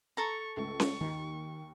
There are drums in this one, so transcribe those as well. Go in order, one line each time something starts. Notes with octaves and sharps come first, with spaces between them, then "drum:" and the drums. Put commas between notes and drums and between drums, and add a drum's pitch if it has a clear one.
A4 A#5 C#6
C#2 A3 C#6
drum: snare C#4
D#2 D#3